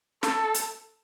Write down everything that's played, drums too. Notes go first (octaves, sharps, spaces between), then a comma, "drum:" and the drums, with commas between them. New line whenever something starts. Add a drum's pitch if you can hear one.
A4, drum: snare
drum: hi-hat